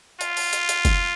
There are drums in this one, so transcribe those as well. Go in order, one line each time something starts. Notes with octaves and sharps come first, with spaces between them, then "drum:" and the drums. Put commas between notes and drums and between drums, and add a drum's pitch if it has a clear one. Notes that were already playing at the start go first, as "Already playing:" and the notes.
F4, drum: hi-hat
drum: open hi-hat
drum: hi-hat
drum: hi-hat
drum: kick F#1, hi-hat